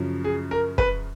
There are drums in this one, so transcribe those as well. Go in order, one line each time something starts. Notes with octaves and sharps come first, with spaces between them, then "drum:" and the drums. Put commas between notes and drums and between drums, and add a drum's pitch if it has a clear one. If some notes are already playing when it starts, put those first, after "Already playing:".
Already playing: F#2 C#3 F3
G#4
A#4
B4, drum: kick